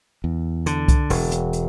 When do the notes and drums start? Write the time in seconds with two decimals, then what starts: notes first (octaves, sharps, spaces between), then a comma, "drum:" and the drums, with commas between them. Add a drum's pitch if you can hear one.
0.24 E2
0.66 D3, drum: hi-hat
0.88 drum: kick C2, hi-hat
1.10 E1, drum: open hi-hat
1.31 drum: hi-hat
1.53 drum: hi-hat